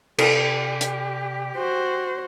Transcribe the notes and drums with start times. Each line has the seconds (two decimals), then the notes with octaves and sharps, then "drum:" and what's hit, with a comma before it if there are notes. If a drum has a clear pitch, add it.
0.18 C3 G4 A4 D5 F5 C7, drum: cymbal
0.81 drum: hi-hat
1.57 F#4 C5